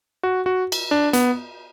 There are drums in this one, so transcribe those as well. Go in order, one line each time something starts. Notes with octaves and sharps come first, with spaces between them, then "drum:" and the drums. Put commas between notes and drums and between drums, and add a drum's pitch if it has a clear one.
F#4
F#4
drum: cymbal
D4
B3, drum: hi-hat